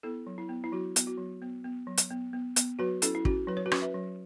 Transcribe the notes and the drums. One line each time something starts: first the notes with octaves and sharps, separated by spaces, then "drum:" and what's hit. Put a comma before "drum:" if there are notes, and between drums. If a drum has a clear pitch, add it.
B3 E4 A4
F#3
E4
B3
E4
F#3 F#4
B3, drum: hi-hat
F#4
F#3
B3
B3
F#3
drum: hi-hat
B3
B3
B3, drum: hi-hat
F#3 F#4 B4
C#4 E4 A4, drum: hi-hat
E4
C#4 F#4, drum: kick
F#3 B4
C#5
F#4 B4
C#4, drum: rim click
B4 E5
F#3